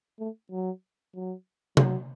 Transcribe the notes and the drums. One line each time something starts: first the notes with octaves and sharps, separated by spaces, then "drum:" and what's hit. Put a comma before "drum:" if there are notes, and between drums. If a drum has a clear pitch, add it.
A3
F#3
F#3
F#3, drum: tom C3